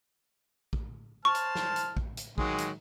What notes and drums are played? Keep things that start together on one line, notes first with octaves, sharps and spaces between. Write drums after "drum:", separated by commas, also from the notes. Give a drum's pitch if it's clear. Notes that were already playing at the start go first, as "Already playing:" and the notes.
drum: kick A#1
C5 A5 C#6 F6
drum: hi-hat
drum: snare
drum: hi-hat
drum: kick A#1
drum: hi-hat
D#3 F#3 G#3, drum: kick A#1
drum: hi-hat